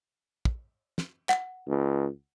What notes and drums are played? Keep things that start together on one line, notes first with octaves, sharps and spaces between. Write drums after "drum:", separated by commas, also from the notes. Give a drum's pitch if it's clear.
drum: kick
drum: snare
F#5, drum: clap
C#2